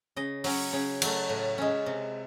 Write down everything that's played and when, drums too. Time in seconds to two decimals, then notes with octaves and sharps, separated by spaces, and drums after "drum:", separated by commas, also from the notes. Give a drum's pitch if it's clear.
0.16 C#3 D#5
0.44 F#3 C#4, drum: open hi-hat
0.73 C#3 C#5
1.02 F#3 A3, drum: cymbal
1.29 A2
1.58 G#3 C#4
1.86 C3